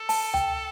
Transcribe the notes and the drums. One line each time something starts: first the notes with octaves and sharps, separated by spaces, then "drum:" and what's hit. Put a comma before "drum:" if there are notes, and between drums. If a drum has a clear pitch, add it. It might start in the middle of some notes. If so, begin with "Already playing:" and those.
Already playing: A4
A5, drum: open hi-hat
G5, drum: tom D2